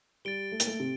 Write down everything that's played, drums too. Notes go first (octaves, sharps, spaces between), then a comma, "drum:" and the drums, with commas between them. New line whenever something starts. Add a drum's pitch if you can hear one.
G3 A6 D7 G7
A3
A#3, drum: hi-hat
A3
C3